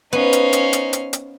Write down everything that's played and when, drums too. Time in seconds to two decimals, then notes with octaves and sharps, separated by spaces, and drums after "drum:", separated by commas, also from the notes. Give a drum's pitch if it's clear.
0.13 B3 C#4 D#4 C5 F5
0.33 drum: hi-hat
0.53 drum: hi-hat
0.73 drum: hi-hat
0.93 drum: hi-hat
1.13 drum: hi-hat